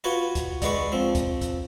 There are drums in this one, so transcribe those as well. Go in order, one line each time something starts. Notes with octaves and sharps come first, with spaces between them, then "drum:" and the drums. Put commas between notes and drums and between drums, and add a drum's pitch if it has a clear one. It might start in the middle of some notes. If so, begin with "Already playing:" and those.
F4 F#4 B4 C#5 F#5
drum: kick, hi-hat
D3 G#3 B4 C#6, drum: kick, hi-hat
F3 C4
drum: kick, hi-hat
drum: kick, hi-hat